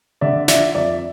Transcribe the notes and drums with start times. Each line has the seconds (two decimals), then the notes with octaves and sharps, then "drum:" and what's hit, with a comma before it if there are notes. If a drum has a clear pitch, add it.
0.21 D3 D5 E5
0.48 F3 D5 E5, drum: snare
0.75 F2 D5 E5